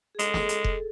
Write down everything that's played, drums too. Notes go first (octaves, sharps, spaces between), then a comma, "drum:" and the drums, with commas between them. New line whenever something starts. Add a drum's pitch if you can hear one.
G#4
G#3 A4, drum: hi-hat
A4, drum: snare
A4, drum: hi-hat
drum: kick F1